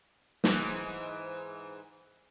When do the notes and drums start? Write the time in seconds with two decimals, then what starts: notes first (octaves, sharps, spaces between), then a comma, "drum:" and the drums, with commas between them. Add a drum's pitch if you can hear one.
0.44 G#2 E3, drum: snare